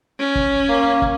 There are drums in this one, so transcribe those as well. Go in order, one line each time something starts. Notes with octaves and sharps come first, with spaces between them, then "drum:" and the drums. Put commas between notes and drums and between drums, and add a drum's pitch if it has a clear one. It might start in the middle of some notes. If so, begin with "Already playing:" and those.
C#4
drum: kick
A#3
drum: kick